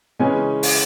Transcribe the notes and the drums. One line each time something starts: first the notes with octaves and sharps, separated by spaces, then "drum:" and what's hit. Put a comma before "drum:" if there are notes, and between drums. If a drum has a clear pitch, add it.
C#3 E3 G#3 C#4 G#5
drum: open hi-hat